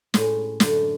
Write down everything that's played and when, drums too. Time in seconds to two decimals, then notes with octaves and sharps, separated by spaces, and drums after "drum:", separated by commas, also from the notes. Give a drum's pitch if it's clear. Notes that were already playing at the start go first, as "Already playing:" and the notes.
0.14 A2 G#3 C#4, drum: snare
0.60 F#2 D3 A3, drum: snare